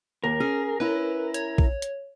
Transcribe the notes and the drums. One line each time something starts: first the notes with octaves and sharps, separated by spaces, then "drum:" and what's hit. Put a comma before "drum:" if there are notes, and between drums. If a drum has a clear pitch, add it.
D#2 A#4
C#4 G#4
C#4 E4 B4
C#5, drum: hi-hat
drum: kick
drum: hi-hat